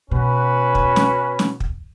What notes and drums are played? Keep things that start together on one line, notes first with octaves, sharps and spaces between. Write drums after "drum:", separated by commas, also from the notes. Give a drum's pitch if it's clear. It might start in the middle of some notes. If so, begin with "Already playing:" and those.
B2 C#4 F#4 B4
drum: kick
drum: snare
drum: snare
drum: kick